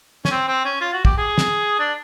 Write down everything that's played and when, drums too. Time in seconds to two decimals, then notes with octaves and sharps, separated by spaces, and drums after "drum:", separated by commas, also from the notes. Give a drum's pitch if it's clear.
0.25 C#4, drum: snare
0.31 C4
0.48 C4
0.65 C#4
0.81 F4
0.93 F#4
1.05 G4, drum: kick
1.17 G#4
1.38 drum: snare
1.79 D4